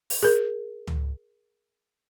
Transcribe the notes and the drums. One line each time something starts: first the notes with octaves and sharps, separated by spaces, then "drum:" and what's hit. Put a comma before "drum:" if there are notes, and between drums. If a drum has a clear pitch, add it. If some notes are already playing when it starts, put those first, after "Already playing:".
drum: open hi-hat
G#4 A#4
drum: tom C#2